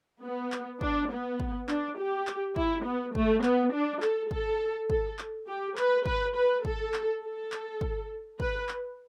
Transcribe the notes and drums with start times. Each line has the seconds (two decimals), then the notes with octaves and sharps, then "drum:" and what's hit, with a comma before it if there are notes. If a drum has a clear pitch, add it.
0.23 B3
0.52 drum: clap
0.81 D4, drum: kick
1.10 B3
1.40 drum: kick
1.69 D4, drum: clap
1.98 G4
2.27 drum: clap
2.56 E4, drum: kick
2.86 B3
3.15 A3, drum: kick
3.43 B3, drum: clap
3.74 D4
4.02 A4, drum: clap
4.31 A4, drum: kick
4.90 A4, drum: kick
5.19 drum: clap
5.47 G4
5.77 B4, drum: clap
6.06 B4, drum: kick
6.36 B4
6.65 A4, drum: kick
6.94 drum: clap
7.22 A4
7.52 drum: clap
7.81 drum: kick
8.40 B4, drum: kick
8.69 drum: clap